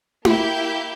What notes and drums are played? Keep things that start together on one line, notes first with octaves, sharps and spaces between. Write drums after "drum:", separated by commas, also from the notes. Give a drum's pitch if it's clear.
A#3 E4 G4 E5 G6, drum: tom E4